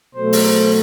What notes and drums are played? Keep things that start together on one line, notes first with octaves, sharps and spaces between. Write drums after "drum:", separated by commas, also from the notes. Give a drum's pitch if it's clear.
B2 F#3 A3 C5
drum: open hi-hat